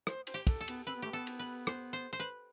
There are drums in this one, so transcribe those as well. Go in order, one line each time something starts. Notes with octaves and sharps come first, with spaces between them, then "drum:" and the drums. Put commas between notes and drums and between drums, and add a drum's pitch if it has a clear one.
C5, drum: rim click
C5, drum: cymbal
G4
A4, drum: kick, cymbal
A4
B3, drum: cymbal
C4 B4
B3
A3 G4
B3 A4
drum: cymbal
B4
C5, drum: rim click
C5
C5
B4